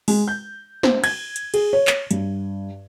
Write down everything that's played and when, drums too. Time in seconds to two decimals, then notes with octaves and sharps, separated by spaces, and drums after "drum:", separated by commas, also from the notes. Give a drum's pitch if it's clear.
0.08 G#3, drum: open hi-hat
0.28 G6
0.83 C5, drum: snare
1.04 G#6, drum: cymbal
1.36 drum: hi-hat
1.54 G#4, drum: cymbal
1.73 C#5
1.87 drum: clap
2.11 G2, drum: hi-hat